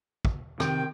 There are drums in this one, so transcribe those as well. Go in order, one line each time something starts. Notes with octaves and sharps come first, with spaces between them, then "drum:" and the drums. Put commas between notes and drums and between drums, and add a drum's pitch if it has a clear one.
drum: kick
C3 D#3 G5, drum: rim click